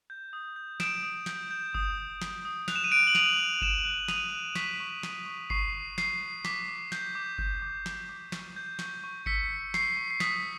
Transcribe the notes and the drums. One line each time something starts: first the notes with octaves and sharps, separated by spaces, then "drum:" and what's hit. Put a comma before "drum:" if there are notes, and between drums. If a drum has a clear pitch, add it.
G6
D#6
G6
D#6 D7 E7, drum: snare
D#6
G6, drum: snare
G6
D#6, drum: kick G1
G6
D#6, drum: snare
D#6
F#6 F7, drum: snare
E7
D#7
F#6 D7 E7
F#7
D#6 D#7 F7, drum: snare
D#6
F#6 D7 E7, drum: kick G1
F#6
D#6 D#7 F7, drum: snare
F#6
C#6 B6, drum: snare
C#6
C#6, drum: snare
C#6
C#6 C7, drum: kick G1
C#6
C#6 C7, drum: snare
C#6
D6 B6, drum: snare
D6
G6, drum: snare
D6
G6, drum: kick G1
D6
D6, drum: snare
D6
C#6, drum: snare
G6
C#6, drum: snare
C#6
E6 B6 C#7, drum: kick G1
G6
C#6 C7, drum: snare
C#6
C7
D#6 B6, drum: snare